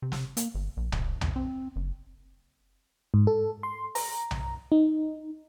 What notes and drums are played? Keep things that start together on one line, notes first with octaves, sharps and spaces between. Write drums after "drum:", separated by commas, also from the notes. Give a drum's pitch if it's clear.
C3
drum: snare
A#3, drum: hi-hat
G1
A#1
D1, drum: tom B1
E2, drum: tom B1
C4
F#1
G#2
A4
C6
A#5, drum: open hi-hat
drum: tom B1
D#4